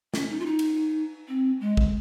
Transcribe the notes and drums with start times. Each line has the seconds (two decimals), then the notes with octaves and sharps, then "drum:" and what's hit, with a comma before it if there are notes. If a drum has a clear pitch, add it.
0.14 C#4, drum: snare
0.30 D#4
0.40 F4
0.46 D#4
0.59 drum: cymbal
1.28 C4
1.61 G#3
1.77 drum: kick